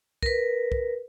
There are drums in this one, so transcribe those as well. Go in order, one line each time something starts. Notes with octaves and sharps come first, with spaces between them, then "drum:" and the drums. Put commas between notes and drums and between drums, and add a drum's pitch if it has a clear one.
A#4 B4, drum: kick
drum: kick